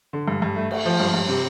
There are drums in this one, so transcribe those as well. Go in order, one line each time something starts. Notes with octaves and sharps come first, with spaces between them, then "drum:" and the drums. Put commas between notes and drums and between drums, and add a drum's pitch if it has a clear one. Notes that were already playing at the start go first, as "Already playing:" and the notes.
D3
G2
G2
A3
A3, drum: cymbal
F3
G2
G2
C3